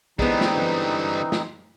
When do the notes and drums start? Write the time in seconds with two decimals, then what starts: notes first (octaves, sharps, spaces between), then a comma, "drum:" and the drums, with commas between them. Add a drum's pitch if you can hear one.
0.19 D3 E3 G3 G#3 B3 C4 D#4, drum: kick B1
0.41 drum: snare
0.57 drum: tom E3
1.32 drum: snare